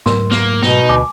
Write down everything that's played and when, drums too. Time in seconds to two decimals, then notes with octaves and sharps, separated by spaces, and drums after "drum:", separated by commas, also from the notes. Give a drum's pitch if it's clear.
0.06 G#2 F#3 A3 A#4 C6, drum: snare B3
0.31 A#3, drum: snare B3
0.63 B2 D#4 G5, drum: snare B3
0.89 D2 G#5 A5 D6